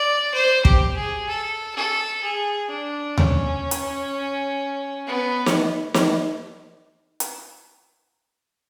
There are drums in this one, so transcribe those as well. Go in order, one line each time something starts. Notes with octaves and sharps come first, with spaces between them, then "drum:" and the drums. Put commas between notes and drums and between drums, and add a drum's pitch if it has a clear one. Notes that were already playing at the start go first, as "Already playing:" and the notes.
Already playing: D5
C5
G4, drum: kick
G#4
A4
A4
G#4
D4
C#4, drum: tom D#2
drum: hi-hat
B3
drum: snare
drum: snare
drum: hi-hat